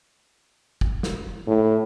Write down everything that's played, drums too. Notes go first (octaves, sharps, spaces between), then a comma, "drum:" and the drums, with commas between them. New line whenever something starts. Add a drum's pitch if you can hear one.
drum: kick
drum: snare
A2